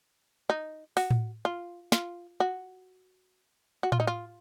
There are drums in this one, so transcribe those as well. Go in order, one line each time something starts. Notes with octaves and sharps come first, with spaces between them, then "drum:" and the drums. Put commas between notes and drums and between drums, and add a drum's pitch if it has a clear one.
D#4
F#4, drum: open hi-hat
drum: tom A2
F4
F4, drum: snare
F#4
F#4
F4, drum: tom A2
D#4
F4